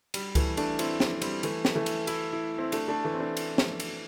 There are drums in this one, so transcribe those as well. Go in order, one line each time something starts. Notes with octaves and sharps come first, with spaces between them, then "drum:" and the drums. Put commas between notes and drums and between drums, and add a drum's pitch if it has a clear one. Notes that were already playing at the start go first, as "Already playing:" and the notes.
G3, drum: cymbal
E3 A3, drum: kick C#2, cymbal
A3 D4, drum: cymbal
C4 E4, drum: cymbal
drum: snare
G3 C4, drum: cymbal
E3 A3, drum: cymbal
drum: snare
E3 A3
drum: cymbal
E4, drum: cymbal
E4
C4 E4
A3 D4, drum: cymbal
A3 D4
E3 A3
C4
A3 D4
drum: cymbal
drum: snare
drum: cymbal